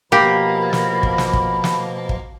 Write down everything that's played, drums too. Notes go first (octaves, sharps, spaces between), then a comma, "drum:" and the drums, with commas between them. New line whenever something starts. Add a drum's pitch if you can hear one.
B2 F3 A#3 G4 B5
drum: snare
drum: kick
drum: snare
drum: kick
drum: snare
drum: kick